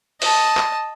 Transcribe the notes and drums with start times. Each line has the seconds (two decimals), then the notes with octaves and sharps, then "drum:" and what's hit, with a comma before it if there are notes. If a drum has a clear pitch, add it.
0.22 D#5 A5, drum: open hi-hat
0.57 drum: clap